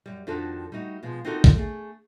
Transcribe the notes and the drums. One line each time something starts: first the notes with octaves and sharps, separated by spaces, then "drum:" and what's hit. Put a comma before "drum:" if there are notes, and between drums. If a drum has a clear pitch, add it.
F#2 G3
F2 D#3 D4 F4 F#4 A4
G3 A3 D#4 F#4
B2 F3 G#3
C4 D#4 F4 F#4 A4 A#4
drum: kick
A3 G#4